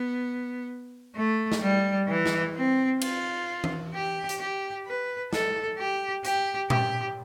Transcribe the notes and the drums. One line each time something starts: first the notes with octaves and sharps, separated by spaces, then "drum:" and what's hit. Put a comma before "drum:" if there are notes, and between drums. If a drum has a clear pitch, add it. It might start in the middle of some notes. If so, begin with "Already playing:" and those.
Already playing: B3
A3
drum: snare
G3
E3
drum: snare
C4
F4, drum: cymbal
drum: tom E3
G4
drum: hi-hat
G4
B4
A4, drum: snare
G4
G4, drum: hi-hat
G4, drum: tom A#2